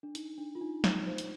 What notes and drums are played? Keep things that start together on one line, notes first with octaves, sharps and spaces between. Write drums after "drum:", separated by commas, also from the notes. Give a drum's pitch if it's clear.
D4
D#4, drum: hi-hat
D4
F4
D#4
D#4, drum: snare
C5
drum: hi-hat